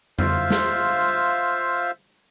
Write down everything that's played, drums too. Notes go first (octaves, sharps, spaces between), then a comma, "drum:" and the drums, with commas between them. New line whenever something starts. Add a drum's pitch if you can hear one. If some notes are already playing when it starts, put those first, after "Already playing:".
F4 C5 E5 F5, drum: tom F2
drum: snare